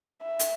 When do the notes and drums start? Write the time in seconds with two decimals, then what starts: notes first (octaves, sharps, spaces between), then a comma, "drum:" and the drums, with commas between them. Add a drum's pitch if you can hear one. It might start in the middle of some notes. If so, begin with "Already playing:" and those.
0.22 E5
0.39 drum: hi-hat